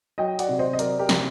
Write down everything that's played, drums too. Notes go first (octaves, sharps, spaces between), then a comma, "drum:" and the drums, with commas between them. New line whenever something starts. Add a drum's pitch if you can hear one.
F#3 D#5 G5
D5 F#5, drum: hi-hat
C3
C5 D#5
D#5
F#3 A#4 D5, drum: hi-hat
G4 A#4
C3, drum: snare